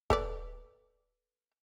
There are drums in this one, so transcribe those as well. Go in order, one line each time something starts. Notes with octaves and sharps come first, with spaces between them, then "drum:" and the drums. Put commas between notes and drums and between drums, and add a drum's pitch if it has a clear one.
A4 B4 D5, drum: kick